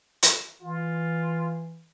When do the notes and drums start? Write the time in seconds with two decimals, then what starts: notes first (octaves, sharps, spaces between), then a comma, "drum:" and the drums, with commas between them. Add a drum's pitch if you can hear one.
0.23 drum: hi-hat
0.62 E3 F4